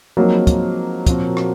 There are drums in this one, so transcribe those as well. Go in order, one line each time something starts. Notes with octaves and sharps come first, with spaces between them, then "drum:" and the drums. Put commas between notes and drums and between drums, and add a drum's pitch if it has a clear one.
F3 F#3 G#3 A#3 C4 D#4
drum: kick, hi-hat
A#2 F3 C4 F#4, drum: kick, hi-hat
drum: rim click